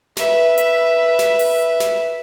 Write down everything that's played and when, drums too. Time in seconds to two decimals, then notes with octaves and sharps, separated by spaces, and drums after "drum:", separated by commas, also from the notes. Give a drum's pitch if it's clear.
0.17 B4 E5, drum: snare
0.58 drum: hi-hat
1.19 drum: snare
1.39 drum: open hi-hat
1.80 drum: snare